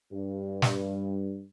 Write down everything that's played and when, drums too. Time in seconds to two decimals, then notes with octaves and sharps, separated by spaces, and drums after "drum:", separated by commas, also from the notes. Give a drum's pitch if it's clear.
0.12 G2
0.62 drum: snare